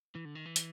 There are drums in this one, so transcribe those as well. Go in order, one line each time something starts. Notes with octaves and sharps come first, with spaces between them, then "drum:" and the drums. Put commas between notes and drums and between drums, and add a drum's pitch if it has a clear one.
E3
D3
D#3
E3
drum: hi-hat